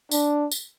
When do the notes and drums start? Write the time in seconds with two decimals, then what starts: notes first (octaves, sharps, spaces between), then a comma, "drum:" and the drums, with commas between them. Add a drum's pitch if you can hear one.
0.11 D4, drum: tambourine
0.51 drum: tambourine